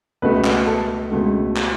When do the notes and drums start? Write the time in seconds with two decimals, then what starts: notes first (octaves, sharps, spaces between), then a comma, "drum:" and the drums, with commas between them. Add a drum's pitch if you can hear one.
0.22 C#2 B2 A3 B4
0.45 drum: clap
0.67 A4
1.12 C#2 B2 A3
1.56 drum: clap